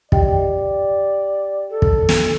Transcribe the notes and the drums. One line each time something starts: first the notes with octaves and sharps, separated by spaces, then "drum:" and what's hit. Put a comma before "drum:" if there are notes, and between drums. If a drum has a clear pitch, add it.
G4 D5 D#5 G5, drum: kick
A4
drum: kick
drum: snare